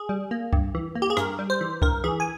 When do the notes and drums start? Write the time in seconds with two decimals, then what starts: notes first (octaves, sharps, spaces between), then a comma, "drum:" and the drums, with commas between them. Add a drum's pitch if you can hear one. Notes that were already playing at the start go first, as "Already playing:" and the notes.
Already playing: G#4
0.09 G3
0.31 A#3
0.53 G2, drum: kick C2
0.75 E3
0.95 A#3
1.02 G4
1.10 G#4
1.17 G2 A#4, drum: rim click
1.39 G3
1.50 C5
1.61 E3
1.82 G2 A#4, drum: kick C2
2.04 E3 G#4
2.20 G#5